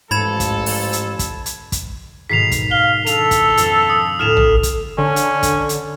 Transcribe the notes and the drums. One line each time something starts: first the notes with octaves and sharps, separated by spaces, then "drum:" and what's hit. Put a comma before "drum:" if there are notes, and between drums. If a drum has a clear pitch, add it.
A1 G#2 F3 A4 B5 G#6 E7
drum: kick, hi-hat
drum: open hi-hat
drum: hi-hat
drum: kick, hi-hat
drum: hi-hat
drum: kick, hi-hat
G#2 B2 D#3 B6 C7 F7
drum: kick, hi-hat
F5 G7
D4 A4 F7, drum: hi-hat
drum: kick, hi-hat
F2, drum: hi-hat
D#6
D2 A2 F6 E7 F7
drum: tom
drum: kick, hi-hat
D3 C#4
drum: hi-hat
drum: kick, hi-hat
drum: hi-hat